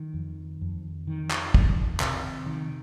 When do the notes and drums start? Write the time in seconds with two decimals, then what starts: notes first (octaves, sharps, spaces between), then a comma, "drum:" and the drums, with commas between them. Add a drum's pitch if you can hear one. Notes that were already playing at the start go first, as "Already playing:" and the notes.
Already playing: D#3
0.14 F2
0.61 F2
1.07 D#3
1.31 drum: clap
1.54 F2, drum: kick
2.00 C3, drum: clap
2.46 D#3